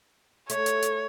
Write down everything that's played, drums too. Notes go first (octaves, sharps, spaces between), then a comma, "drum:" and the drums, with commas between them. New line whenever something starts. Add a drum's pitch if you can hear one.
A3 C#5, drum: hi-hat
drum: hi-hat
drum: hi-hat